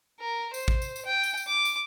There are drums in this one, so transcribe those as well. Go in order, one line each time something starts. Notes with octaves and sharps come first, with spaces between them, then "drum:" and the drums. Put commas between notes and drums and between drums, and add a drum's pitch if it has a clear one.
A#4
C5, drum: tambourine
drum: kick
drum: tambourine
drum: tambourine
G5
drum: tambourine
drum: tambourine
D6
drum: tambourine